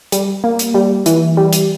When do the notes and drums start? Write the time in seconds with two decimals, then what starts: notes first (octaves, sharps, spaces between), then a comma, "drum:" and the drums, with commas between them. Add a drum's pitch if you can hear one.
0.12 G3, drum: hi-hat
0.44 A#3
0.59 drum: hi-hat
0.74 G3
1.06 E3, drum: hi-hat
1.37 G3
1.53 drum: hi-hat